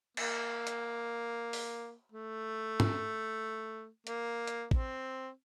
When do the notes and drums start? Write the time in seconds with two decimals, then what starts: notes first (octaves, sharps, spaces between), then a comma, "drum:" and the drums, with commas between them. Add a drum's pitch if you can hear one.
0.17 A#3, drum: cymbal
0.67 drum: hi-hat
1.53 drum: open hi-hat
2.12 A3
2.80 drum: tom G#2
4.07 A#3, drum: hi-hat
4.47 drum: hi-hat
4.71 C4, drum: kick